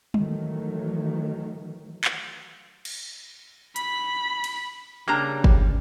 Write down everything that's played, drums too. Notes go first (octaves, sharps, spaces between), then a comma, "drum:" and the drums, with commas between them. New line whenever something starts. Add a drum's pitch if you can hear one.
D#3 E3 F#3 A3, drum: tom G3
drum: clap
drum: cymbal
B5 B6, drum: hi-hat
drum: cymbal
C#3 G3 A#3 D4 G4 A#5
drum: kick G1